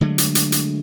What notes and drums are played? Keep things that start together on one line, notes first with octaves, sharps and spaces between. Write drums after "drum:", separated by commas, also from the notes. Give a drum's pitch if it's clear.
D3 F#3 G#3 A3
drum: hi-hat
drum: hi-hat
drum: hi-hat